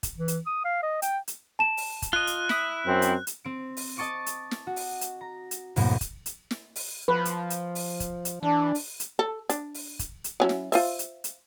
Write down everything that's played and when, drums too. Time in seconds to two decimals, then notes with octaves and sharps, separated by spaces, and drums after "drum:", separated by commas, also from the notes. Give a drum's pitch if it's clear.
0.03 drum: kick, hi-hat
0.18 E3
0.28 drum: hi-hat
0.46 D#6
0.65 F5
0.82 D#5
1.02 G5, drum: hi-hat
1.28 drum: hi-hat
1.59 A5 E7
1.77 drum: open hi-hat
2.02 drum: kick, hi-hat
2.13 F4 D#5 F#6
2.27 drum: hi-hat
2.49 E4 E5 D#6, drum: snare
2.86 F#2 C4
3.02 drum: hi-hat
3.27 drum: hi-hat
3.44 C4 D7
3.77 drum: open hi-hat
3.97 D#5 A5 C#6 D6 D#7
4.26 drum: hi-hat
4.51 drum: snare
4.67 F#4
4.76 drum: open hi-hat
5.01 drum: hi-hat
5.21 A#5
5.51 drum: hi-hat
5.76 C2 F#2 A2 A#3 B3, drum: open hi-hat
6.01 drum: kick, hi-hat
6.26 drum: hi-hat
6.51 drum: snare
6.76 drum: open hi-hat
7.08 F3 B4
7.25 drum: hi-hat
7.50 drum: hi-hat
7.75 drum: open hi-hat
8.00 drum: kick, hi-hat
8.25 drum: hi-hat
8.43 E3 D4
8.75 drum: open hi-hat
9.00 drum: hi-hat
9.19 A4
9.50 D4, drum: hi-hat
9.74 drum: open hi-hat
9.99 drum: kick, hi-hat
10.24 drum: hi-hat
10.40 F#3 C#4 E4
10.49 drum: snare
10.72 F4 C5 E5, drum: open hi-hat
10.99 drum: hi-hat
11.24 drum: hi-hat